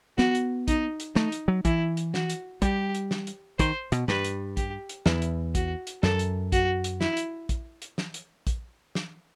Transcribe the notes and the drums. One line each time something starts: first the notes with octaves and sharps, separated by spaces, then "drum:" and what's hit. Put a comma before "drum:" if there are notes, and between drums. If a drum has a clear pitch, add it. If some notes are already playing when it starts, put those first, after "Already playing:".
B3 F#4, drum: snare
drum: hi-hat
D#4, drum: kick A#1, hi-hat
drum: hi-hat
A3 D#4, drum: snare
drum: hi-hat
F#3
E3 E4, drum: kick A#1, hi-hat
drum: hi-hat
F#4, drum: snare
drum: hi-hat
G3 G4, drum: kick A#1, hi-hat
drum: hi-hat
drum: snare
drum: hi-hat
D#3 C5, drum: kick A#1, hi-hat
B2, drum: hi-hat
G2 B4, drum: snare
drum: hi-hat
G4, drum: kick A#1, hi-hat
drum: hi-hat
E2 E4, drum: snare
drum: hi-hat
F#4, drum: kick A#1, hi-hat
drum: hi-hat
F#2 A4, drum: snare
drum: hi-hat
F#4, drum: kick A#1, hi-hat
drum: hi-hat
E4, drum: snare
drum: hi-hat
drum: kick A#1, hi-hat
drum: hi-hat
drum: snare
drum: hi-hat
drum: kick A#1, hi-hat
drum: snare